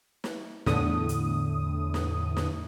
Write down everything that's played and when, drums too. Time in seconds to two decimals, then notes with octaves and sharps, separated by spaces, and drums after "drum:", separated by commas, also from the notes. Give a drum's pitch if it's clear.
0.24 drum: snare
0.66 E2 A2 D3 D#6, drum: snare
1.09 drum: hi-hat
1.94 drum: snare
2.36 drum: snare